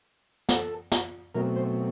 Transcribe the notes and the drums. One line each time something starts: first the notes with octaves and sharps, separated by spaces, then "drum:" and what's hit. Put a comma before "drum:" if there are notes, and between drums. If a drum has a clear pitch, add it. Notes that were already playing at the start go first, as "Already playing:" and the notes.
A4, drum: snare
drum: snare
B2 F#3 A3 C4 A#4
C5